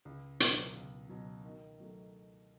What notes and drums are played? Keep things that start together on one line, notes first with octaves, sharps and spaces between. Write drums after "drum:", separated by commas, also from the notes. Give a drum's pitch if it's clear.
C#2
B2 F#3, drum: hi-hat
C#2
B2 F#3
D#3
F#3 A3